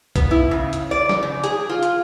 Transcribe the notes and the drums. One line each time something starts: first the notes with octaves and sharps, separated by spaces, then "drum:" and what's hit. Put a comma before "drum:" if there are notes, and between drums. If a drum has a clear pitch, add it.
B3, drum: kick B1, hi-hat
E4
C#3
drum: hi-hat
D5
drum: snare
C#3
G#4, drum: hi-hat
F4
drum: hi-hat